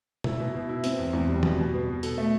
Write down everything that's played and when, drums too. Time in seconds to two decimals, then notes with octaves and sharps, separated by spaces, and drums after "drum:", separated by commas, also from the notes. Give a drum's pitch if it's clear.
0.24 E4, drum: tom B2
0.40 B2
0.55 B2
0.69 E4
0.84 C4, drum: hi-hat
0.99 E2
1.13 E2
1.28 G3
1.43 B2, drum: tom
1.58 B2
1.74 B2
1.89 B2
2.03 A4, drum: hi-hat
2.18 A3